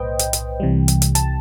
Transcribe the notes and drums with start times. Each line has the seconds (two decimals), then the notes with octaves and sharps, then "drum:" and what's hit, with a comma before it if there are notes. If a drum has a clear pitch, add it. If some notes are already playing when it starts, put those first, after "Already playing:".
Already playing: B1 A2 B4 C5 D#5 G5
0.19 drum: hi-hat
0.33 drum: hi-hat
0.60 C2 C3 E3 G3
0.88 drum: hi-hat
1.02 drum: hi-hat
1.15 A5, drum: hi-hat